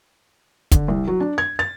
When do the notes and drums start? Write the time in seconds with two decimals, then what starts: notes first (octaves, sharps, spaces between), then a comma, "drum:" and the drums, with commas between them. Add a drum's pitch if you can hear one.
0.71 D3, drum: kick, hi-hat
0.88 C2
1.08 F#3
1.20 D4
1.38 G#6
1.59 A6